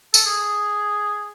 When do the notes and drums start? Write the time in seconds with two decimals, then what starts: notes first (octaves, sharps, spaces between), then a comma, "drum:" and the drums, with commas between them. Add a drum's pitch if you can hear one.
0.14 A4, drum: tambourine
0.26 G#4